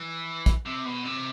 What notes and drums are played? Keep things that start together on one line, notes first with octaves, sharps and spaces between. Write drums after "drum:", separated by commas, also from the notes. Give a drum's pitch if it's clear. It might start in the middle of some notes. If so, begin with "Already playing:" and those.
Already playing: E3
drum: kick A#1, hi-hat
C3
B2
C3